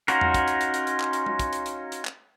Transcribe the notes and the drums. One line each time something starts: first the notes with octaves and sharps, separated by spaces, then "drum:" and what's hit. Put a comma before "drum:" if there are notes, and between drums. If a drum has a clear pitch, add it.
C#4 D#4 F4 F#4 A#4, drum: hi-hat
drum: tom E2
drum: kick, hi-hat
drum: hi-hat
drum: hi-hat
drum: hi-hat
drum: hi-hat
drum: clap
drum: hi-hat
drum: tom G#3
drum: kick, hi-hat
drum: hi-hat
drum: hi-hat
drum: hi-hat
drum: clap